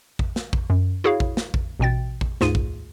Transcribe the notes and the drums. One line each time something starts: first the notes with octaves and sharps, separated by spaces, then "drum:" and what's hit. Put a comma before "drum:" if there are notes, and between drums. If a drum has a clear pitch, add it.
drum: kick A1
drum: snare
drum: kick A1
F#2
E4 F#4 G#4 C#5 F5
drum: kick A1
drum: snare
drum: kick A1
A1 B2 G5 A6
drum: kick A1
D2 G#2 F4 G#4 D#7, drum: snare
drum: kick A1